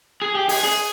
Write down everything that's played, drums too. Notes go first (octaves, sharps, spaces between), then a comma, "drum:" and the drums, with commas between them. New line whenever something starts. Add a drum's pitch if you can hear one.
G#4
G4
G#4, drum: open hi-hat
G#4